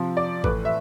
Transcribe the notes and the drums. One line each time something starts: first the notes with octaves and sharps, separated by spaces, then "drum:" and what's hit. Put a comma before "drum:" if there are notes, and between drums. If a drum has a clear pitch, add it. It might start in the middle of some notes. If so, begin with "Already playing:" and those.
Already playing: C3 F3
D5
A2 E3 B4, drum: kick G#1
E5